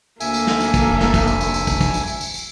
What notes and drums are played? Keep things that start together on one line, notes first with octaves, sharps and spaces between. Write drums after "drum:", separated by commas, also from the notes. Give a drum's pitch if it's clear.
D2 A#3 A4 E5 G#5, drum: tambourine
drum: tambourine
drum: snare
drum: tambourine
drum: kick, tambourine
F1
drum: snare
drum: kick, tambourine
drum: tambourine
drum: tambourine
drum: tambourine
drum: kick, tambourine
drum: kick, tambourine
drum: tambourine
drum: tambourine
drum: tambourine
drum: tambourine